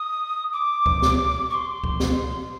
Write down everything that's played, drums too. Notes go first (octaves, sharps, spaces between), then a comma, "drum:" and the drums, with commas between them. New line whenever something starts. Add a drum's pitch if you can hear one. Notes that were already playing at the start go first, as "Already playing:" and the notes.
Already playing: D#6
D6
drum: kick C#2
drum: snare
C#6
C6
drum: kick C#2
drum: snare